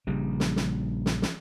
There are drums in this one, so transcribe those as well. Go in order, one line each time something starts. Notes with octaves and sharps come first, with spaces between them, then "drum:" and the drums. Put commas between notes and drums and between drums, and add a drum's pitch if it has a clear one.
A#1 C#3 G3
drum: snare
drum: snare
drum: snare
drum: snare